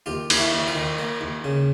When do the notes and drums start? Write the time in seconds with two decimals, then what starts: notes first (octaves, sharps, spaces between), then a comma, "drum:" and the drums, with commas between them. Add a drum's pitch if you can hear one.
0.06 D#2 F4 G4
0.30 D#2, drum: cymbal
0.37 E4 F#4
0.52 D#2
0.68 F4
0.75 D#3
0.98 A#3
1.21 D#2
1.44 C#3